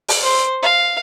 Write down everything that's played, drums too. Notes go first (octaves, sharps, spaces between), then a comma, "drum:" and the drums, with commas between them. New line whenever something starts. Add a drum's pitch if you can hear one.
drum: open hi-hat
C5
F5